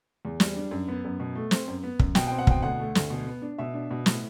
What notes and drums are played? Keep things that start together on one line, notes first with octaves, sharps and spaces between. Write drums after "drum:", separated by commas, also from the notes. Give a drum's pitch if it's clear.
E2
G3, drum: snare
D4
F#2
B3
F#2
B2
A3
C4, drum: snare
F#2
B3
F#2, drum: kick
B2 G5, drum: snare
G5
C4
F#5
B2 G5, drum: kick
D2 F#5
A3
D2, drum: snare
B2
B3
D4
B2 E5
D4
B2
A2, drum: snare